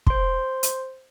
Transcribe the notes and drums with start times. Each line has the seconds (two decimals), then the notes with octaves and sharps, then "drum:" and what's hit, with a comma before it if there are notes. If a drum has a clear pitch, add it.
0.07 C5 C6, drum: kick
0.63 drum: hi-hat